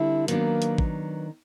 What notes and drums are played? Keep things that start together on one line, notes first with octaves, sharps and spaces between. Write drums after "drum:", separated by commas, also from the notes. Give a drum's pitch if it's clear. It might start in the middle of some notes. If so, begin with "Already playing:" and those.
Already playing: D3 G3 C4 E4
D#3 F#3 A#3 B3 D4, drum: hi-hat
drum: hi-hat
drum: kick